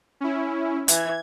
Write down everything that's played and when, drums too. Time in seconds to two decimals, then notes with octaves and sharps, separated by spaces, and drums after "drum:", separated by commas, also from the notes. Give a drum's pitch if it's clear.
0.21 C#4 E4
0.88 E3 G#6, drum: hi-hat